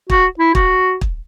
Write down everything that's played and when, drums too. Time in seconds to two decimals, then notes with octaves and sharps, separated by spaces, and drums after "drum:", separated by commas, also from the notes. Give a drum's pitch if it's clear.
0.10 F#4, drum: kick
0.39 E4
0.55 F#4, drum: kick
1.01 drum: kick